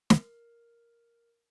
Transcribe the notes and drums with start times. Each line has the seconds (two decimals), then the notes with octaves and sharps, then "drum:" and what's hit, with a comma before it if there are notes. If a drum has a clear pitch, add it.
0.10 A#4, drum: snare